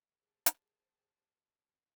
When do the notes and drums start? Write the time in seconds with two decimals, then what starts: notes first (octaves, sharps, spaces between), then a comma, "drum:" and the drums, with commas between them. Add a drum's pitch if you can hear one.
0.14 G4 G#4 A#4 C5 A5
0.46 drum: hi-hat